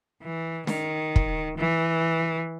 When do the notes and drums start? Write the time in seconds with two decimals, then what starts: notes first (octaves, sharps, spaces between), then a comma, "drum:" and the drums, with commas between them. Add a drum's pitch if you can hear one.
0.22 E3
0.67 D#3, drum: snare
1.16 drum: kick
1.57 E3